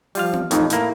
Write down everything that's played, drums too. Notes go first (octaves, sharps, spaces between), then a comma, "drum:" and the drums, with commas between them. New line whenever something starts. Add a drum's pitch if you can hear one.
F3 G3 F4 F5, drum: open hi-hat
drum: tom B3
A1 F2 A2 D#4, drum: hi-hat
A2 A#3 E4, drum: hi-hat